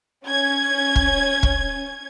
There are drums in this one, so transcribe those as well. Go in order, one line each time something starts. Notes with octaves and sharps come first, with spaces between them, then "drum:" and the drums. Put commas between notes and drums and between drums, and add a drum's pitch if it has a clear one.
C#4 G#6
drum: kick
drum: kick